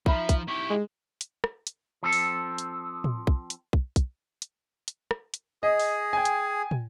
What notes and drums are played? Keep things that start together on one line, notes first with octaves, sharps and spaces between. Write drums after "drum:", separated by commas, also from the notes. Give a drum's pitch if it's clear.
F3 D#4 E5 B5, drum: kick
drum: kick, hi-hat
E4 G4 C#6
G#3
drum: hi-hat
drum: rim click
drum: hi-hat
F3 C4 A4
drum: open hi-hat
drum: hi-hat
drum: tom
drum: kick
drum: hi-hat
drum: kick
drum: kick, hi-hat
drum: hi-hat
drum: hi-hat
drum: rim click
drum: hi-hat
G#4 D#5
drum: open hi-hat
G5 G#5
drum: hi-hat
drum: tom